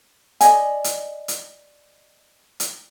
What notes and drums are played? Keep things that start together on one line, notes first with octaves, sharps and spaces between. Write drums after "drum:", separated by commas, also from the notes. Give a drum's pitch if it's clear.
D5 D#5 G#5, drum: hi-hat
drum: hi-hat
drum: hi-hat
drum: hi-hat